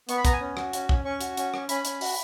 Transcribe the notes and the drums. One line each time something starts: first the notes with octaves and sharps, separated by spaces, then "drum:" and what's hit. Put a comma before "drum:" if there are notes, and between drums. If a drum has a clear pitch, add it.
B3 C#6, drum: hi-hat
B5
B3 A#5, drum: kick, hi-hat
G#5
C#4
F#4, drum: rim click
C#4, drum: hi-hat
C#4, drum: kick
C#4 C#6
F#4, drum: hi-hat
C#4, drum: hi-hat
C#4, drum: rim click
C#4 B5, drum: hi-hat
C#4, drum: hi-hat
F#4, drum: open hi-hat